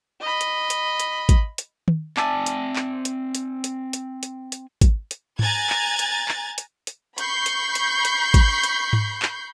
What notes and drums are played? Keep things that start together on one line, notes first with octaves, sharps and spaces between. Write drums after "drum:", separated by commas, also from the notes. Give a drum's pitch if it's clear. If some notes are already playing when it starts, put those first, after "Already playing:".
D#5 B5
drum: hi-hat
drum: hi-hat
drum: hi-hat
drum: kick, hi-hat
drum: hi-hat
drum: tom D#3
C4 D5 E5 G#5 A5, drum: clap
drum: hi-hat
drum: clap
drum: hi-hat
drum: hi-hat
drum: hi-hat
drum: hi-hat
drum: hi-hat
drum: hi-hat
drum: kick, hi-hat
drum: hi-hat
G#5 A#5 F#6 G#6 A6, drum: tom G#2
drum: clap
drum: hi-hat
drum: clap
drum: hi-hat
drum: hi-hat
B5 C#6 G6 C7, drum: hi-hat
drum: hi-hat
drum: hi-hat
drum: hi-hat
drum: kick, hi-hat
drum: hi-hat
drum: tom G#2
drum: clap